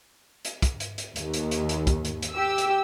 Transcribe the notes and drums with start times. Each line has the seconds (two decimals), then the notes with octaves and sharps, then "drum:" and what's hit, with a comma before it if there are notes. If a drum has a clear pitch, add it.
0.45 drum: hi-hat
0.62 drum: kick, hi-hat
0.80 drum: hi-hat
0.98 drum: hi-hat
1.16 D#2, drum: hi-hat
1.34 drum: hi-hat
1.51 drum: hi-hat
1.69 drum: hi-hat
1.87 drum: kick, hi-hat
2.05 drum: hi-hat
2.23 drum: hi-hat
2.33 G4 E6
2.58 drum: hi-hat